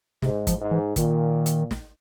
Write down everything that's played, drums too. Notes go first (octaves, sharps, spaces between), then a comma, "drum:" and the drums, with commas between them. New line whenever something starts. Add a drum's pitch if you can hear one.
G#2 C3, drum: snare
F3, drum: kick, hi-hat
G#2
E3
A#2 D#3, drum: kick, hi-hat
drum: hi-hat
drum: snare